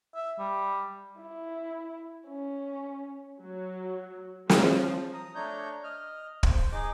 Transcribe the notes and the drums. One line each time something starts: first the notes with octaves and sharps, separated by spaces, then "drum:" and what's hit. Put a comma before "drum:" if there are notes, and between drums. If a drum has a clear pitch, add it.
E5
G3
E4
C#4
F#3
F3, drum: snare
A#5 D#6
A3 D4 C#5 A#5 G6
D#5 F6
C5, drum: kick
D#4 G#4 D#5 D6